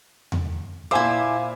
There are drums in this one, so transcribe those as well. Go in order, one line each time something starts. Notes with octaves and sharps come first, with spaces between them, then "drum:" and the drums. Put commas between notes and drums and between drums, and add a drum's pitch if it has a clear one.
drum: tom E2
A#2 E4 C5 E5 F5 G#5 D6